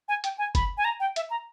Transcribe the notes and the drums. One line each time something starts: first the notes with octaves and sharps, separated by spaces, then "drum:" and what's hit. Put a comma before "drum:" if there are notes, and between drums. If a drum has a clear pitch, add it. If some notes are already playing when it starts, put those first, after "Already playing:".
G#5
G5, drum: hi-hat
G#5
B5, drum: kick F#1, hi-hat
G#5
A#5
G5
E5, drum: hi-hat
A#5